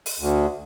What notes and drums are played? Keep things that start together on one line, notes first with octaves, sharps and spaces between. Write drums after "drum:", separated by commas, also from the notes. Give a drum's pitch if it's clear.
drum: open hi-hat
D2